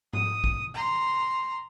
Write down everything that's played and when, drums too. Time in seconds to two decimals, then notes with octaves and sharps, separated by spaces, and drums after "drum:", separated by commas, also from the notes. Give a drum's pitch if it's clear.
0.13 D#6, drum: tom G#2
0.44 drum: kick
0.74 A#5 C6